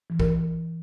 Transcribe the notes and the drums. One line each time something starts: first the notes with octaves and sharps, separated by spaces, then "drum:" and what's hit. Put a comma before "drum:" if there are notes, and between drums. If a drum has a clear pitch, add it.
E3
A#4, drum: kick